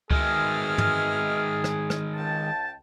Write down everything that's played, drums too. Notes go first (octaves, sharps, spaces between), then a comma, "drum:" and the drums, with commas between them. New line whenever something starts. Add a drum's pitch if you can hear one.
B2 D#3 G#3 G#4 E5 F6, drum: kick C#2
drum: tom
drum: rim click
drum: rim click
C#2 G5 A5